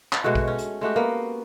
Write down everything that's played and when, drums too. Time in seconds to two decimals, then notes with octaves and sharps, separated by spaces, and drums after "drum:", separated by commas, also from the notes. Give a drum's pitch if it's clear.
0.12 drum: clap
0.24 B2 G#3 A3 F#4
0.35 drum: kick
0.47 C#4
0.58 drum: hi-hat
0.81 G#3 A3 F#4 G4
0.96 A#3 B3